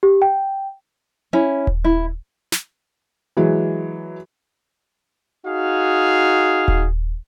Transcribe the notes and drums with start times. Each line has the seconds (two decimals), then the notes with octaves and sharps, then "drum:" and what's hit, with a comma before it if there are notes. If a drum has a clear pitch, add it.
0.03 G4
0.22 G5
1.33 C#4 E4
1.67 drum: kick D#1
1.84 E4
2.52 drum: snare
3.37 E3 F#3 G#3
5.46 D#4 F#4 G#4 F5
6.68 drum: kick D#1